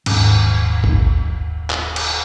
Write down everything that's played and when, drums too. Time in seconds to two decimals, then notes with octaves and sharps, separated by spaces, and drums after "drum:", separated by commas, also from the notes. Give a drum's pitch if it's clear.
0.06 D#1 G#2 C#4, drum: cymbal
0.84 drum: kick G#1
1.70 drum: clap
1.96 drum: cymbal